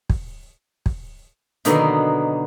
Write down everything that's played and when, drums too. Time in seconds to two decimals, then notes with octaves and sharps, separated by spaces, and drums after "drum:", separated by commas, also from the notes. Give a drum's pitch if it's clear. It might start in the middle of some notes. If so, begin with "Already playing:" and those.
0.10 drum: kick
0.86 drum: kick
1.65 B2 D3 D#3 F#3 A#3 B3, drum: hi-hat